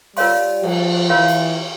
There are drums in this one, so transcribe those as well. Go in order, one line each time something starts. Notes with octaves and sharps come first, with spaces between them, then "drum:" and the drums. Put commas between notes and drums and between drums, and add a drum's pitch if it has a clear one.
G3 F4 A#4 C#5 F5 C6, drum: open hi-hat
F3, drum: cymbal
E3 F4 A#4 C#5 F5 C6
drum: hi-hat